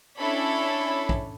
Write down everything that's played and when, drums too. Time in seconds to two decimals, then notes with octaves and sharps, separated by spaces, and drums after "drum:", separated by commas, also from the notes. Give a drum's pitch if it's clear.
0.18 C#4 D4 E4 A4 C#5 B5
1.09 drum: kick